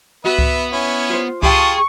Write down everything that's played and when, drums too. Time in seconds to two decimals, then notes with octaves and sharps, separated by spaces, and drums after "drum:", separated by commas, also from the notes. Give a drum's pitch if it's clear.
0.25 B3 F#4 B4 E5
0.39 drum: kick C#2
0.72 C#4 E4
1.10 F4 C5
1.43 F4 G4 G#4 G5 A5 C#6 D#6, drum: kick C#2